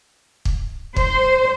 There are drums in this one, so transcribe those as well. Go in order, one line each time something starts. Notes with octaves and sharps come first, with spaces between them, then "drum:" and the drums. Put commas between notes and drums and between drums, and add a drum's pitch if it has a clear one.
drum: kick
C5, drum: kick